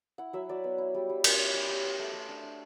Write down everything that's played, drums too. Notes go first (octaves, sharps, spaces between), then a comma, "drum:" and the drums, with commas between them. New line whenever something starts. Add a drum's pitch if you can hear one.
E4 F#5
F#3 E5
F#3 D5
B3
E4
G3
G3
C#4, drum: cymbal
E4
G3
G3 E5
B3
A3
A3
D4
D4